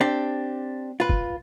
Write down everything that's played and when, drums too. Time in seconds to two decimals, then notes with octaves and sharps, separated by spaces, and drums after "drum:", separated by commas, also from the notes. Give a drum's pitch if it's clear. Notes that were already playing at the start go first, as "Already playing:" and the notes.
0.01 C4 D4 G4
1.00 F4 B4
1.09 drum: kick